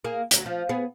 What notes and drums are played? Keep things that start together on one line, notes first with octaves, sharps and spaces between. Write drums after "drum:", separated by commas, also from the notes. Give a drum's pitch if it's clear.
A#3 G#4
D2 F#3, drum: hi-hat
F3
B3 G#4